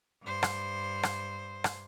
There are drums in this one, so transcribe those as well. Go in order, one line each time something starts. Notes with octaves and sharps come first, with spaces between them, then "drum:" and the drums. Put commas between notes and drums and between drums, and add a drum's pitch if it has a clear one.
G2 C5
drum: rim click
drum: rim click
drum: rim click